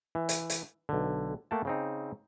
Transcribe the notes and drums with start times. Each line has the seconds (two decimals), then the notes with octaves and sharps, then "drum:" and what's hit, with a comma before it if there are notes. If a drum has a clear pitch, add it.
0.15 E3
0.29 drum: hi-hat
0.50 drum: hi-hat
0.89 B1 D3
1.51 A3 A#3 F#5 G5 A5
1.65 C#3 C4 D#4